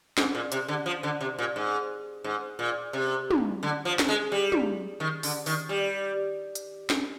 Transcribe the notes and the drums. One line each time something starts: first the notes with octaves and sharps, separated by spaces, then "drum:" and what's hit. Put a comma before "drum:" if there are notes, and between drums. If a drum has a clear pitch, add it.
G#2, drum: snare
A#2
C3, drum: hi-hat
D3
F3
D3
C3
A#2
G#2
G#2
A#2
C3
drum: tom
D3
F3
drum: snare
G#3
G3
drum: tom
D#3
D3, drum: open hi-hat
D#3, drum: open hi-hat
G3
drum: hi-hat
drum: snare